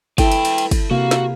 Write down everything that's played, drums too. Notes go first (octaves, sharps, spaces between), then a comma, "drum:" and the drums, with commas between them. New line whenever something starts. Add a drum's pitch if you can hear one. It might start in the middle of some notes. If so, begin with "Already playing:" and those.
E4 A4 B4 G5, drum: kick, cymbal
drum: cymbal
drum: cymbal
drum: cymbal
drum: kick, cymbal
C3 A#3 F#4 F5
drum: snare